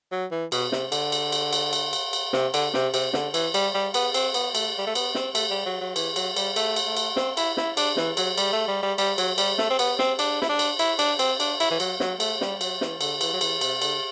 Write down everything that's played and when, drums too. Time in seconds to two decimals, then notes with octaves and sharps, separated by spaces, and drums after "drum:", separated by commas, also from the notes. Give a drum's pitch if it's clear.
0.11 F#3
0.31 E3
0.52 B2, drum: cymbal
0.72 C3, drum: snare
0.92 D3, drum: cymbal
1.12 drum: cymbal
1.32 drum: cymbal
1.53 drum: cymbal
1.73 drum: cymbal
1.93 drum: cymbal
2.13 drum: cymbal
2.33 C3, drum: snare
2.54 D3, drum: cymbal
2.74 C3, drum: snare
2.94 C3, drum: cymbal
3.13 D3, drum: snare
3.34 E3, drum: cymbal
3.54 G3, drum: cymbal
3.74 G3
3.94 B3, drum: cymbal
4.14 C4, drum: cymbal
4.34 B3, drum: cymbal
4.55 A3, drum: cymbal
4.78 G3
4.87 A3
4.95 B3, drum: cymbal
5.15 C4, drum: snare
5.35 A3, drum: cymbal
5.51 G3
5.66 F#3
5.81 F#3
5.96 E3, drum: cymbal
6.16 F#3, drum: cymbal
6.36 G3, drum: cymbal
6.56 A3, drum: cymbal
6.76 drum: cymbal
6.87 A3
6.97 drum: cymbal
7.16 C4, drum: snare
7.37 E4, drum: cymbal
7.57 E4, drum: snare
7.77 D4, drum: cymbal
7.97 E3, drum: snare
8.17 F#3, drum: cymbal
8.38 G3, drum: cymbal
8.53 A3
8.68 G3
8.83 G3
8.98 G3, drum: cymbal
9.18 F#3, drum: cymbal
9.38 G3, drum: cymbal
9.58 A3, drum: snare
9.70 C4
9.79 B3, drum: cymbal
9.99 C4, drum: snare
10.19 D4, drum: cymbal
10.42 E4, drum: snare
10.49 D4
10.59 drum: cymbal
10.79 E4, drum: cymbal
10.99 D4, drum: cymbal
11.19 C4, drum: cymbal
11.40 D4, drum: cymbal
11.60 E4, drum: cymbal
11.71 E3
11.80 F#3, drum: cymbal
12.00 F#3, drum: snare
12.20 A3, drum: cymbal
12.41 G3, drum: snare
12.61 F#3, drum: cymbal
12.81 E3, drum: snare
13.01 D3, drum: cymbal
13.21 E3, drum: cymbal
13.33 F#3
13.41 E3, drum: cymbal
13.61 C3, drum: cymbal
13.82 D3, drum: cymbal